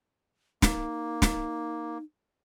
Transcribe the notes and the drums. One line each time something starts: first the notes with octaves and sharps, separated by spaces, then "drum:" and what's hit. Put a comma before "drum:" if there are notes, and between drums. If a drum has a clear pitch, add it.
A#3 D#4, drum: snare
drum: snare